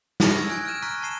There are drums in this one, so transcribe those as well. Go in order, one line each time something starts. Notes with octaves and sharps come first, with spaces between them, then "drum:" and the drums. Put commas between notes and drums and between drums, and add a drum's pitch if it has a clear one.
B5 C#6 D#6 F6 A6 A#6, drum: snare
E6 G#6
G#5 F#6 G#6 D7
F6 G6 D#7 E7
A#5 C#6 F6 F#6 B6 D#7
A5 C#6 C7 D#7 E7